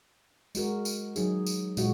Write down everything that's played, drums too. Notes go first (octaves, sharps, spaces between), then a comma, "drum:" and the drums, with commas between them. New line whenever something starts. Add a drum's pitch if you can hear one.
G#3 F#4 A#4, drum: tambourine
drum: tambourine
F#3 D#4 G#4, drum: tambourine
drum: tambourine
A#2 G#3 F#4, drum: tambourine